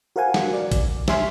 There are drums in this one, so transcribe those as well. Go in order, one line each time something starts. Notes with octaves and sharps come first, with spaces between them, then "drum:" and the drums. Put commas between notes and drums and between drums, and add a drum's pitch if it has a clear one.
F#4 A#4 C5 F5 F#5 G#5
drum: snare
D5
drum: kick, hi-hat
C2
C#5 E5 G#5 C6 F6 B6, drum: snare